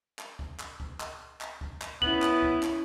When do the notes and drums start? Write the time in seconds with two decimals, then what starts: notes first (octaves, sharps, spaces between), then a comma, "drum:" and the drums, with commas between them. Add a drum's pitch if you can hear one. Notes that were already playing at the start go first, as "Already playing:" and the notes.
0.19 drum: clap
0.39 drum: kick C#2
0.59 drum: clap
0.80 drum: kick C#2
1.00 drum: clap
1.41 drum: clap
1.61 drum: kick C#2
1.81 drum: clap
2.02 B3 C#4 E4 F#7, drum: kick C#2
2.22 drum: clap
2.42 drum: kick C#2
2.63 drum: clap